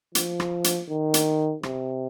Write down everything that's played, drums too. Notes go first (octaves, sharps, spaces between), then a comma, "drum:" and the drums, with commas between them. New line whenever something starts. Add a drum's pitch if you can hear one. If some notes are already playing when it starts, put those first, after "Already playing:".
F3, drum: hi-hat
drum: rim click
drum: hi-hat
D#3
drum: hi-hat
C3, drum: rim click